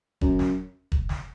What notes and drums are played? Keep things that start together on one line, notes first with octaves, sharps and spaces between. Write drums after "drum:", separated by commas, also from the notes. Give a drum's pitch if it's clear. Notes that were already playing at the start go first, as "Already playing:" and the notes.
F#2, drum: kick
drum: snare
drum: kick
drum: snare